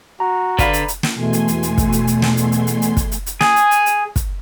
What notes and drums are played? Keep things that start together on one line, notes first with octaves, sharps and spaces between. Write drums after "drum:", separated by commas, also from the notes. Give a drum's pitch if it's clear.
F#4 A#5
D3 B4 D5 F5 B5, drum: kick, hi-hat
drum: hi-hat
drum: hi-hat
drum: snare
E2 B2 A3 G#5 C6
drum: hi-hat
drum: hi-hat
drum: hi-hat
drum: kick, hi-hat
drum: hi-hat
drum: hi-hat
drum: snare
drum: hi-hat
drum: hi-hat
drum: hi-hat
drum: hi-hat
drum: kick, hi-hat
drum: hi-hat
drum: hi-hat
G#4, drum: snare
drum: hi-hat
drum: hi-hat
drum: hi-hat
drum: kick, hi-hat